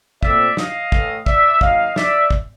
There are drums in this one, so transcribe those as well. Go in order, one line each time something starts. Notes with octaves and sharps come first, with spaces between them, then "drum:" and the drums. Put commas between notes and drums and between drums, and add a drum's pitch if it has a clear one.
A#2 F3 A3 C4 D5 E5, drum: kick
D#5 F5, drum: snare
A2 E3 A3, drum: kick
D5 E5, drum: kick
D#3 F#3 A#3 D#5 F5, drum: kick
D5 E5, drum: snare
drum: kick